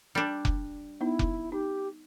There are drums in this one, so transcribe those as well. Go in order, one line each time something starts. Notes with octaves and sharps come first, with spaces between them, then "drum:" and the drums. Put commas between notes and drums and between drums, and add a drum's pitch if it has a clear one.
G3 D4
drum: kick F1
B3 D#4 E4
drum: kick F1
D#4 G4